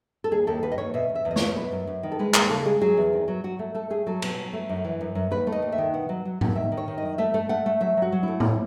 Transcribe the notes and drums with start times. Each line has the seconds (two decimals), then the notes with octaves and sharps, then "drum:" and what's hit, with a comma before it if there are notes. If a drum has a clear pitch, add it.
0.24 A4
0.31 D#2 G#4
0.47 D#2 A4
0.63 D#2 B4
0.72 D#5
0.78 D#2 C#5
0.94 B2 E5
1.09 E2
1.15 E5
1.25 E2
1.31 D#5
1.36 B2 C#5, drum: snare
1.56 F#2 B4
1.72 F#2
1.87 F#2
2.03 D#3
2.12 A4
2.19 G#3 B4
2.34 D#2 C#5, drum: clap
2.50 C#3 A4
2.66 G#3 G#4
2.81 F#3 G#4
2.97 E2
3.13 D#3
3.28 F#3
3.44 F#3 F#4
3.59 A3
3.75 A3 A4
3.90 A3 G#4
4.07 F#3 A4
4.22 B2, drum: cymbal
4.38 F#3
4.53 A3
4.69 F#2
4.84 E3
5.01 F#2
5.15 F#2
5.31 D#2 B4
5.47 A3
5.52 D#5
5.62 D#2
5.72 E5
5.78 D#3
5.94 B2 F#5
6.09 F#3
6.25 F#3
6.41 F#3, drum: tom G#2
6.56 D#3 E5
6.72 D#3
6.77 C#5
6.88 D#3
6.98 F#2 D#5
7.18 A3 E5
7.34 A3
7.49 A3 F#5
7.66 A3
7.81 F#3 E5
7.97 F#3 F#4
8.12 F#3
8.23 A3 E4
8.40 drum: tom